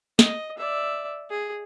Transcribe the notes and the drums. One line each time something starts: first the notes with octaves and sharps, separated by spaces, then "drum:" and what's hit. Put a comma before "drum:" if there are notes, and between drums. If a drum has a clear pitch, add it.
D#5, drum: snare
D5 E5
G#4